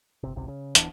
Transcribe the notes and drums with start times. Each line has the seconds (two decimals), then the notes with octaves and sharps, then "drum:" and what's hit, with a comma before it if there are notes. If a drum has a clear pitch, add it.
0.23 G1 C3
0.36 G#1 C#2 C3
0.48 C#3
0.75 D1 E3 B3 D4, drum: hi-hat